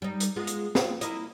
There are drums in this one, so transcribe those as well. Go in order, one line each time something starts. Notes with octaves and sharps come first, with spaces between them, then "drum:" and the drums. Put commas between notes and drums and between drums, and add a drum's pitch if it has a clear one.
G3 D#4
drum: hi-hat
G#3 B3 F4
drum: hi-hat
F4, drum: snare
A#3 E4 D#5, drum: hi-hat